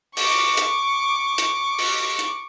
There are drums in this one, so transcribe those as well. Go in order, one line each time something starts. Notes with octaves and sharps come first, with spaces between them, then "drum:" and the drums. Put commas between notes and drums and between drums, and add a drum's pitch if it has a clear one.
C#6 D6, drum: open hi-hat
drum: hi-hat
drum: hi-hat
drum: open hi-hat
drum: hi-hat